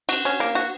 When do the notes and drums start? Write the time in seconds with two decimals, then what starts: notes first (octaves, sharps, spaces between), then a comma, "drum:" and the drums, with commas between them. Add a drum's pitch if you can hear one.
0.09 F#4, drum: cymbal
0.25 C#4
0.40 A#3
0.55 F#4